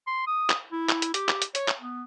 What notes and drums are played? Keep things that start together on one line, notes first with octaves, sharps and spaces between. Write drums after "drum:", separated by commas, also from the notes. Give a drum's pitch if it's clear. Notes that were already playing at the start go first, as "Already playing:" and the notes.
C6
D#6
drum: clap
E4
drum: clap
drum: hi-hat
G4, drum: hi-hat
drum: clap
drum: hi-hat
C#5, drum: hi-hat
drum: clap
B3